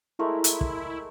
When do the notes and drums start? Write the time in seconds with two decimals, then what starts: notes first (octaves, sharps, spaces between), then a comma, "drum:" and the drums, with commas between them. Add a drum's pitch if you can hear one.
0.19 G#3 A3 E4 A#4
0.44 drum: hi-hat
0.61 drum: kick